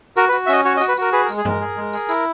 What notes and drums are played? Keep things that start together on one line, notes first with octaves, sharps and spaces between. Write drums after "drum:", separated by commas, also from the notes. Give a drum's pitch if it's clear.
F#4 A#4, drum: tambourine
B4
F#4, drum: tambourine
E5
C#4 D#5, drum: tambourine
F#4 C#5
D#5
F#4, drum: tambourine
B4
F#4 A#4, drum: tambourine
G#4 B4
A#4
G#3, drum: tambourine
G#4
G#3 A#4, drum: tom G2
G#4
G#3
G#4, drum: tambourine
E4, drum: tambourine